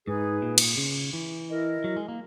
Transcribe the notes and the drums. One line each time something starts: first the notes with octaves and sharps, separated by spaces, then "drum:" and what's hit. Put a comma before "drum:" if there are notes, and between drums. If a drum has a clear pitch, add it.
G#2 D#4 G#4 B4
A#2
drum: cymbal
C#3
E3
E4 A#4 D#5
F#3
G#3
A#3